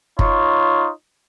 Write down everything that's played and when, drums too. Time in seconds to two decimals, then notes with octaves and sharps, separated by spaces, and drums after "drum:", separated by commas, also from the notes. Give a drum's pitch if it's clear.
0.19 D#4 F4 C#5, drum: kick